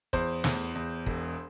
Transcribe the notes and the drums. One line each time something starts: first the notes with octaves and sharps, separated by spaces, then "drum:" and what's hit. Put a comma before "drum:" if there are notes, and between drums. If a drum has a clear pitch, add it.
E2 C5, drum: kick
E2, drum: snare
E2
E1, drum: kick